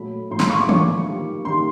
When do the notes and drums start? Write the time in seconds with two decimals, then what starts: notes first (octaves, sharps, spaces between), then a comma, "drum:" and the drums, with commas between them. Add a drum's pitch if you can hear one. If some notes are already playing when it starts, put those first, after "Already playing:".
Already playing: A#2 F#3 A3 B5
0.30 A2 F3 A#3 C6
0.40 B5, drum: snare
0.50 C#6
0.59 D6
0.69 D3 F3 A3 C#6, drum: tom
1.07 D#3 G3 A#3
1.45 D#3 G3 A#3 C6